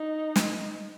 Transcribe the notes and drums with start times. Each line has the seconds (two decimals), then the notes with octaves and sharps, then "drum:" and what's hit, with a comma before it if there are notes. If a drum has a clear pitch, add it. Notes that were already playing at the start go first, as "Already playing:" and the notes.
Already playing: D#4
0.36 drum: snare